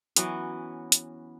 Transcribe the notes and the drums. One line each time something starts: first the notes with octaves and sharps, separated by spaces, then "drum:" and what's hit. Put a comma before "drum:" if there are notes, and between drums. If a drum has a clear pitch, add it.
E3 F#3 B3 C#4, drum: hi-hat
drum: hi-hat